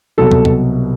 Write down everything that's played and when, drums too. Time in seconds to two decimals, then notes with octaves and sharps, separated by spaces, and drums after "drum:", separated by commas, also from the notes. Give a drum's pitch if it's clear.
0.18 C2 B2 F#3 A4
0.31 drum: kick
0.45 drum: kick